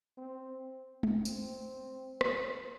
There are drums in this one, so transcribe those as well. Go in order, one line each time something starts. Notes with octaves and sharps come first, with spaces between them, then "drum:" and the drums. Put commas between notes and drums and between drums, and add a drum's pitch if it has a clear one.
C4
drum: tom
C4, drum: tambourine
drum: rim click